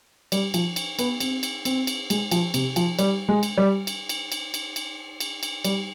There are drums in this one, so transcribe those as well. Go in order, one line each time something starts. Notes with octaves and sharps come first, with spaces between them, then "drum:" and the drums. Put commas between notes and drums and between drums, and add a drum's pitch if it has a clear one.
G3, drum: cymbal
F3, drum: cymbal
drum: cymbal
B3, drum: cymbal
C4, drum: cymbal
drum: cymbal
C4, drum: cymbal
drum: cymbal
G#3, drum: cymbal
F3, drum: cymbal
C3, drum: cymbal
F3, drum: cymbal
G3, drum: cymbal
G#3
drum: cymbal
G3
drum: cymbal
drum: cymbal
drum: cymbal
drum: cymbal
drum: cymbal
drum: cymbal
drum: cymbal
G3, drum: cymbal